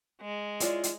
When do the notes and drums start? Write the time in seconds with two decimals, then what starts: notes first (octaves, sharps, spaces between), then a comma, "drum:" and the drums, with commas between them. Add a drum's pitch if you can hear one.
0.22 G#3
0.60 E4 F4 C#5 D5, drum: hi-hat
0.83 drum: hi-hat